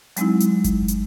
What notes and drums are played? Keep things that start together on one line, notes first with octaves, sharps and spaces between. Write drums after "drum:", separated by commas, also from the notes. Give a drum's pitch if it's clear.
F#3 G#3 C4 D#4 E4, drum: hi-hat
drum: hi-hat
drum: kick G1, hi-hat
drum: hi-hat